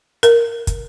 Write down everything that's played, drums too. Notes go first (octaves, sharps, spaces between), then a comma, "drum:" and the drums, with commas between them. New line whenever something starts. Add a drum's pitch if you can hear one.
A#4, drum: hi-hat
drum: kick, hi-hat